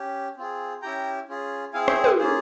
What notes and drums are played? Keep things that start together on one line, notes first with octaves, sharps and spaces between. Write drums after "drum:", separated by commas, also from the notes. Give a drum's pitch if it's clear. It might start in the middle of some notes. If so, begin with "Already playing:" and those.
Already playing: C#4 G4
C4 F4 G#4
C#4 E4 G4 G5 A#5
C#4 F4 G#4
C4 E4 G#4 F5 G#5
E5 G5, drum: rim click
C5, drum: tom
A#3 C#4 F4 G#4 C5